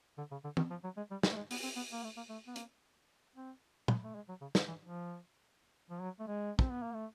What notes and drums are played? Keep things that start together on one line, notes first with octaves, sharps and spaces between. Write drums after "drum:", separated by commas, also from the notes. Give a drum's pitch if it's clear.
D3
C#3
D3
D#3, drum: tom
F3
F#3
G#3
G3
G3, drum: snare
A3
G#3
B3, drum: open hi-hat
C4
B3
A#3
A3
A#3
A3
B3
A#3, drum: hi-hat
C4
B3, drum: tom
A3
G#3
F#3
C#3
D3, drum: snare
E3
F3
F3
F#3
A3
G#3
C4, drum: kick
B3
A#3
A3